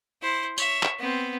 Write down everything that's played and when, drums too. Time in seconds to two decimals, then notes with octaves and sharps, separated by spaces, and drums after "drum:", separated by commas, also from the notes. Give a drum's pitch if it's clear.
0.22 E4 C5
0.58 C#5 E5, drum: tambourine
0.83 drum: clap
1.00 B3 C4